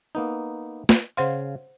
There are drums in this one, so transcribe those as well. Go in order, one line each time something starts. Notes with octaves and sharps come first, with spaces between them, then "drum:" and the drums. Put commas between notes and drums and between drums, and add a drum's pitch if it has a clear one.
A#3 B3 D#4
drum: snare
C#3 C5 F5 F#5 C6